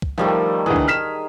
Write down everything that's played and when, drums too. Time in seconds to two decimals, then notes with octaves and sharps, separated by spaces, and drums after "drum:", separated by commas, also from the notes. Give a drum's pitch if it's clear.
0.02 drum: kick
0.18 D#3 F3 G3 A3
0.66 D2 E3 G#4
0.76 drum: kick
0.88 F6 B6 E7